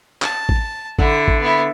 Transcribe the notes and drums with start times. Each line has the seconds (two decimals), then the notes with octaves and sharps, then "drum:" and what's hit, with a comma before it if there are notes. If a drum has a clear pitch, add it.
0.22 A5, drum: clap
0.49 drum: kick
0.99 D3 E4, drum: kick
1.28 drum: kick
1.41 B3 E4